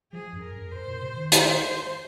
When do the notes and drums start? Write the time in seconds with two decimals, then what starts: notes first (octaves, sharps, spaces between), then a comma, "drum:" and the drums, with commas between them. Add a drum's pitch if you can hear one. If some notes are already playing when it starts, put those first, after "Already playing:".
0.13 F3 G#4
0.33 F#2
0.42 A#4
0.53 F#2
0.72 F#2 C5
0.87 A#2
1.01 C3
1.16 D#3
1.32 C5, drum: hi-hat